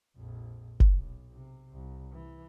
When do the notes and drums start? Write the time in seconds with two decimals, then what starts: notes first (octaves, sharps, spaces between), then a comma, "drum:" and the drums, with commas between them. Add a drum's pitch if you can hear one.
0.16 A#1 F2
0.80 drum: kick F#1
0.95 B1
1.33 C3
1.73 C2
2.12 E3